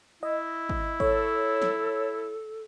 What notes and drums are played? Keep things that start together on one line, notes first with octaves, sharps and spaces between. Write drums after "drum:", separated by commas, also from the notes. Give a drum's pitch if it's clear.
E4 D#5
drum: kick
A4 C#5, drum: kick
drum: snare